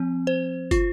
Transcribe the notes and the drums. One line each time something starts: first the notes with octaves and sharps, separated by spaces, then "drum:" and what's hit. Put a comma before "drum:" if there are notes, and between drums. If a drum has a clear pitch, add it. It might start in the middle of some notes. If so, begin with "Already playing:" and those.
Already playing: F3 C4
C5
F4, drum: kick, hi-hat